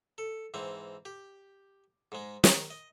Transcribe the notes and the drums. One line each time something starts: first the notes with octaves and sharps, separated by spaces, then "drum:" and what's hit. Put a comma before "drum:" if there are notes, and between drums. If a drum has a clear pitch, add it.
A4
G#2 E3 C4
G4
G#2 G#3
D#3, drum: snare
D#5